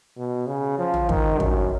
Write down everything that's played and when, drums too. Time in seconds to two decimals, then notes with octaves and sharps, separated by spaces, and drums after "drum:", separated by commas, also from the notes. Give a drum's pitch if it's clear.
0.17 B2
0.47 C#3
0.79 F3
0.94 drum: tom
1.09 D#3, drum: kick
1.40 F#2, drum: kick